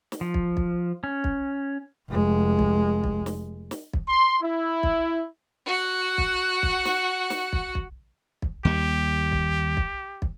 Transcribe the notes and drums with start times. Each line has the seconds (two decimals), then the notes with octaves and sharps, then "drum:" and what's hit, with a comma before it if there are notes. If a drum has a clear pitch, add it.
0.12 drum: snare
0.21 F3
0.34 drum: kick
0.57 drum: kick
1.04 C#4
1.24 drum: kick
2.09 F1 G#3
2.59 drum: kick
3.04 drum: kick
3.26 drum: snare
3.71 drum: snare
3.93 drum: kick
4.09 C6
4.42 E4
4.83 drum: kick
5.67 F#4 F#5
6.18 drum: kick
6.63 drum: kick
6.85 drum: snare
7.30 drum: snare
7.53 drum: kick
7.75 drum: kick
8.42 drum: kick
8.65 D#2 G3 G4
9.32 drum: kick
9.77 drum: kick
10.22 drum: kick